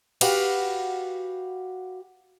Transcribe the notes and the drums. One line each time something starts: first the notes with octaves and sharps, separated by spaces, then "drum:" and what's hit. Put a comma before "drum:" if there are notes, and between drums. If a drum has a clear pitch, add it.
F#4 G4 B4 F5 F#5, drum: cymbal